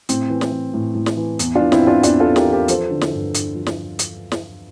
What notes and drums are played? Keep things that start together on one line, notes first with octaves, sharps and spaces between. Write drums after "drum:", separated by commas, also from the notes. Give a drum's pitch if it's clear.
A2 C4, drum: hi-hat
E3
drum: snare
E3
A2
A2
drum: snare
E3
E2, drum: hi-hat
E3 D4 F4
C4 E4, drum: snare
E3
D4 F4
E2 D4 F4, drum: hi-hat
F4 A4
E2
G4 A#4, drum: snare
E3
G4 A#4
F3 A4 C5, drum: hi-hat
D3
drum: snare
G2
G2, drum: hi-hat
F3
drum: snare
drum: hi-hat
drum: snare